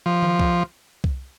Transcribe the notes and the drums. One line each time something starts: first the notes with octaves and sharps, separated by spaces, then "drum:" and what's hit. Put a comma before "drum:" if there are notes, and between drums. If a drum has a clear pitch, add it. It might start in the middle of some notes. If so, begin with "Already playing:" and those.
F3
drum: tom D#3
drum: kick C2
drum: kick C2